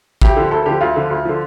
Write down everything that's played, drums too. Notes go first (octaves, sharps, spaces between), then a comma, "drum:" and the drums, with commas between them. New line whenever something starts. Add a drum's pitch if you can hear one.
D2 G4, drum: kick
D3 F3
D2 A4
A4
D3 F3 G4
D2 F4
D3 F3
D2
D3 F3